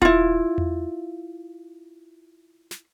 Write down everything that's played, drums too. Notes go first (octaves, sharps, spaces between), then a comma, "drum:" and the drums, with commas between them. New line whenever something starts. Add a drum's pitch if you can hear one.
E4 F4, drum: kick D#1
drum: tom E2
drum: snare